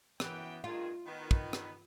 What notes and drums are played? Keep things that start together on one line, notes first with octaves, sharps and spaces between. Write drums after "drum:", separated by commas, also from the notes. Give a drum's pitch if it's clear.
F#2 E3 B3 G5, drum: rim click
G2 D#3 F4 G#4
D#3 B3
drum: kick
drum: rim click